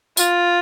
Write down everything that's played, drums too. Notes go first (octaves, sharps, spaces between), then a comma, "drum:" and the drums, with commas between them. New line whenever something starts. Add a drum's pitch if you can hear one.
F4, drum: tambourine